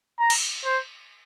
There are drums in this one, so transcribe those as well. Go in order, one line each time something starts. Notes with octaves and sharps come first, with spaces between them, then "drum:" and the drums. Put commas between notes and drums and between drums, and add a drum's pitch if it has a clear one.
A#5
drum: cymbal
C5